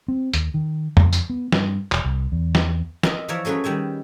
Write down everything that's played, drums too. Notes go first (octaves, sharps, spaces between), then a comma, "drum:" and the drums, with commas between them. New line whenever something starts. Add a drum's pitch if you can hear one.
C4
D#2, drum: hi-hat
D#3
F2, drum: tom F2
drum: tambourine
B3
G2, drum: snare
E1, drum: clap
C2
E2
drum: snare
A#4 D#5 E5, drum: snare
E3 F3 A#4 C#5 D5 E5
F#3 A3 C#4 G#4 B4
D#3 G3 E5 G#5